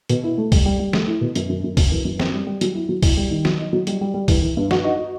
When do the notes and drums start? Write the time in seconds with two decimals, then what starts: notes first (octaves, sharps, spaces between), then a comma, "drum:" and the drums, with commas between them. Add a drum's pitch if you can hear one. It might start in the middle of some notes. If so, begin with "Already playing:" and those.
0.09 B2, drum: hi-hat
0.24 E4
0.38 A3
0.52 G3, drum: kick, open hi-hat
0.66 G3
0.79 G3
0.93 A3, drum: snare
1.07 E4
1.21 B2
1.35 F#2, drum: hi-hat
1.49 F#2
1.64 F#2
1.77 F#2, drum: kick, open hi-hat
1.92 E3
2.05 F#2
2.19 C4, drum: snare
2.34 G3
2.47 G3
2.61 F#3, drum: hi-hat
2.75 E4
2.89 F#3
3.02 E4, drum: kick, open hi-hat
3.17 G3
3.30 D#3
3.45 F#3, drum: snare
3.58 D#4
3.73 F#3
3.87 G3, drum: hi-hat
4.01 G3
4.14 G3
4.28 E3, drum: kick, open hi-hat
4.42 E3
4.57 G2
4.71 F#4, drum: snare
4.84 D#4
4.98 F#4